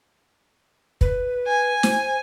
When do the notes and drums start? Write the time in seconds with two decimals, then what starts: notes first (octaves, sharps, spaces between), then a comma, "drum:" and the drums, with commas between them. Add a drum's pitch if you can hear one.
1.01 B4, drum: kick
1.47 G#5
1.83 C5, drum: snare